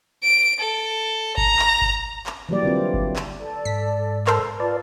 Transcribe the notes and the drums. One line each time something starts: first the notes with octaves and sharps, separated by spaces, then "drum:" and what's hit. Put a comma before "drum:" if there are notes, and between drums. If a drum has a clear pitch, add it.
D7
A4
A#5, drum: kick G1
drum: clap
drum: kick G1
drum: clap
E3 F#3 G3 A#3 G4 D5
D3 C4 F4
drum: kick G1
drum: clap
A4 D5
G#2 B6
A4 A#4 C5 E6, drum: clap
F4 B4 D5 A5